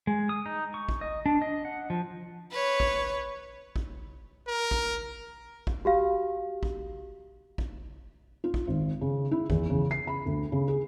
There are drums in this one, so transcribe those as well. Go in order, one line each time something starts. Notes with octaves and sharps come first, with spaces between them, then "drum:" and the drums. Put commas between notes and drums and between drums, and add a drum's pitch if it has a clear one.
G#3
D#6
D#4
C#6
drum: kick
D#5
D4
D#5
F#5
F3
B4 C#5
drum: kick
drum: kick
A#4
drum: kick
drum: kick
F#4 G4 F5
drum: kick
drum: kick
F4
drum: kick
G#1
C#3
E4
E2, drum: kick
C#3
C7
B5
D2
C#3
G#4